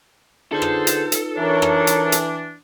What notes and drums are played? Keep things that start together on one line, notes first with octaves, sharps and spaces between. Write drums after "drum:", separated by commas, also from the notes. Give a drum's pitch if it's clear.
D3 D#4 F4 G#4 A4 B4 C5
drum: rim click
drum: hi-hat
drum: hi-hat
E3 D4 A#4 C#5
drum: rim click
drum: hi-hat
drum: hi-hat